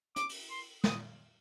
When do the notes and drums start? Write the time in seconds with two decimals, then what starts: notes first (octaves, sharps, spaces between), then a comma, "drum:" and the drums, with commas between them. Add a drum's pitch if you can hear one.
0.16 D6, drum: hi-hat
0.29 drum: open hi-hat
0.50 C6
0.84 D#6, drum: snare